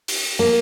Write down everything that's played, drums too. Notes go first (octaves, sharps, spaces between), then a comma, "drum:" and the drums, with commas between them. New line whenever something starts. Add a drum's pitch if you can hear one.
drum: open hi-hat
A#3